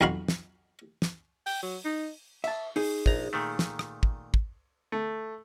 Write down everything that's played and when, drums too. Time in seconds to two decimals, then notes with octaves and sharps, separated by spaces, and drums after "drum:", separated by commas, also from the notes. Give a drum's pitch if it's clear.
0.01 B1 F2 F#4 F5 B5
0.28 drum: snare
1.02 drum: snare
1.47 G5, drum: open hi-hat
1.63 F#3
1.85 D#4
2.44 E5 A5, drum: cymbal
2.76 D#4 G#4, drum: open hi-hat
3.06 A#1 A#5, drum: kick
3.33 A#2 D#3 A3
3.59 drum: snare
3.79 drum: rim click
4.03 drum: kick
4.34 drum: kick
4.92 A3